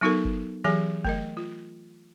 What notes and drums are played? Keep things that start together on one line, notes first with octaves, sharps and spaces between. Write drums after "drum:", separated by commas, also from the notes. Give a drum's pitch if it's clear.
F#3 B3 D#4 F#4 A4 A#4
drum: kick F#1
E3 F#3 G4 G#4 G#5
A3 A#4 D#5, drum: kick F#1
F4